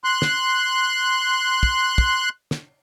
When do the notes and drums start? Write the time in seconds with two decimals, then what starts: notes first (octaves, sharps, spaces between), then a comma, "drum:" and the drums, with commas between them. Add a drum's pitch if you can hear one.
0.04 C6 F#6
0.22 drum: snare
1.63 drum: kick
1.98 drum: kick
2.51 drum: snare